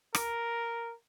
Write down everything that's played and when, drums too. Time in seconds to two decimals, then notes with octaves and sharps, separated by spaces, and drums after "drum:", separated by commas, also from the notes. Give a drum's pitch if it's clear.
0.15 A#4, drum: rim click